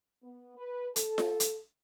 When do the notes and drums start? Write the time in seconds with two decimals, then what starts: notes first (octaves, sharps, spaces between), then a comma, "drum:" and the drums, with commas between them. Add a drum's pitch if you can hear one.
0.23 B3
0.58 B4
0.96 A4, drum: hi-hat
1.18 drum: snare F4
1.40 drum: hi-hat